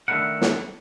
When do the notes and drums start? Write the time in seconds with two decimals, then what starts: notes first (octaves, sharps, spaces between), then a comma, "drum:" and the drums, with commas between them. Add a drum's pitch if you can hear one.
0.08 D#3 A3 D4 E4 A#4 F#5
0.41 drum: snare